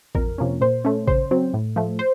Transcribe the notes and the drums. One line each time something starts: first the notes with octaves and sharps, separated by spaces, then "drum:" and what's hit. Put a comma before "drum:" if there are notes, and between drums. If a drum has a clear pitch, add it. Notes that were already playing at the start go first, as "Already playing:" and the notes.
F2 A#4, drum: kick A1
C3 F3 A#3 C#4
A#2 C5
A3 C#4
C#3 C5, drum: kick A1
F#3 C4
A2
F3 A3
C5